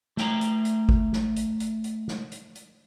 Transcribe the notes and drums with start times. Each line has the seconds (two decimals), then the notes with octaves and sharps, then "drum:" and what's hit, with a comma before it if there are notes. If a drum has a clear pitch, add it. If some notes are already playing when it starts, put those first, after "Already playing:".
0.17 A3 G5 A#5, drum: snare
0.41 drum: hi-hat
0.65 drum: hi-hat
0.89 drum: kick G#1
1.13 drum: snare
1.36 drum: hi-hat
1.60 drum: hi-hat
1.84 drum: hi-hat
2.08 drum: snare
2.32 drum: hi-hat
2.55 drum: hi-hat